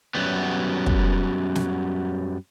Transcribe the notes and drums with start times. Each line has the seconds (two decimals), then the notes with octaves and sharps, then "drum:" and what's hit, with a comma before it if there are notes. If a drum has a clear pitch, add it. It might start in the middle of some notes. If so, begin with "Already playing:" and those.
0.15 F#2 F#3 G3 B3
0.87 drum: kick
1.55 drum: snare